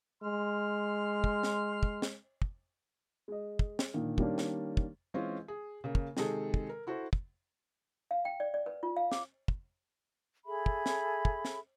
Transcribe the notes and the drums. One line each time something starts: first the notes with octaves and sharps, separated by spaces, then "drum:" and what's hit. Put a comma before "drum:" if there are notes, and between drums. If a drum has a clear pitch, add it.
G#3 C6 F6
drum: kick
drum: snare
drum: kick
drum: snare
drum: kick
G#3 D#5
drum: kick
drum: snare
A#2 D3 D#3 A#3
D#3 G3 A#3 C#4 D4, drum: kick
drum: snare
drum: kick
E3 G#3 C4 C#4 F4
G#4
C#3 A#3
drum: kick
C3 D#3 G#3 G#4 A4, drum: snare
drum: kick
A#4
E4 F#4 A4 C5
drum: kick
F5
G5
D5
D5
B4
F4
F5
D6, drum: snare
drum: kick
G#4 A4 E5 B5
drum: kick
drum: snare
drum: kick
drum: snare